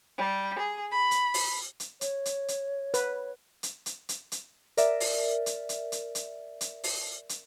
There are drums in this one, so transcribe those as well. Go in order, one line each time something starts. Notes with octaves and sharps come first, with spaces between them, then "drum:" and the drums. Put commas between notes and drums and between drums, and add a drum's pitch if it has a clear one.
G3
G#4
B5
drum: hi-hat
drum: open hi-hat
drum: hi-hat
C#5, drum: hi-hat
drum: hi-hat
drum: hi-hat
B4, drum: hi-hat
drum: hi-hat
drum: hi-hat
drum: hi-hat
drum: hi-hat
A#4 D5 E5, drum: hi-hat
drum: open hi-hat
drum: hi-hat
drum: hi-hat
drum: hi-hat
drum: hi-hat
drum: hi-hat
drum: open hi-hat
drum: hi-hat